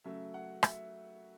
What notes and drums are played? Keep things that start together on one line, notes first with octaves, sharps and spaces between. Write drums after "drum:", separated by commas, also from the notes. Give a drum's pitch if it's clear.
C#3 F#3 A3 E5
F#5
E5, drum: rim click